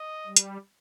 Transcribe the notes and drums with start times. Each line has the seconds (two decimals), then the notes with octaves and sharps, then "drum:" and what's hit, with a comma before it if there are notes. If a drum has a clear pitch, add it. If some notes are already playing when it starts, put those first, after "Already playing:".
Already playing: D#5
0.27 G3
0.37 drum: hi-hat